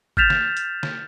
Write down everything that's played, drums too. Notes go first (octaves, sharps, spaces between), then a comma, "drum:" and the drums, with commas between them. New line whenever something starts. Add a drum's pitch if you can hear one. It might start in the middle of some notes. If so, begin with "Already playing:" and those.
F6 G6 A6 B6 E7 F7, drum: kick G#1
drum: snare
drum: hi-hat
drum: snare